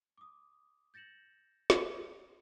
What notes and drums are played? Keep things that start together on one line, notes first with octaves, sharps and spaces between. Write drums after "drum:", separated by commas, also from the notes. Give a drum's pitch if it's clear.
D6 D#6
G6 A6 A#6 C#7 E7 F#7
drum: snare